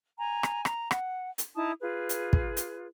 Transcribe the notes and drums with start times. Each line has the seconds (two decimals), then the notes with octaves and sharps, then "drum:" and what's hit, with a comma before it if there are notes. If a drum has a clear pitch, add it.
0.18 G#5 A#5
0.43 drum: rim click
0.65 A#5, drum: rim click
0.91 F#5, drum: rim click
1.38 drum: hi-hat
1.56 D#4 E4 A5 D#6
1.81 F4 G#4 B4
2.09 drum: hi-hat
2.33 drum: kick
2.57 drum: hi-hat